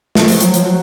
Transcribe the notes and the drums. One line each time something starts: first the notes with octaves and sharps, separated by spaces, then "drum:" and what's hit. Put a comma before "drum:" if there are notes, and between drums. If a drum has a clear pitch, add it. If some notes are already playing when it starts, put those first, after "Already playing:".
A3, drum: snare
F3, drum: open hi-hat
F#3, drum: hi-hat
F3, drum: hi-hat
F#3